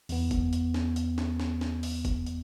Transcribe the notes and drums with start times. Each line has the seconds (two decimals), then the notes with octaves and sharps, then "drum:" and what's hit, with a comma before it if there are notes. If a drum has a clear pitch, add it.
0.09 E2 B3, drum: open hi-hat
0.31 drum: kick F1, hi-hat
0.53 drum: hi-hat
0.74 drum: snare
0.96 drum: hi-hat
1.18 drum: snare
1.40 drum: snare
1.61 drum: snare
1.83 drum: open hi-hat
2.05 drum: kick F1, hi-hat
2.26 drum: hi-hat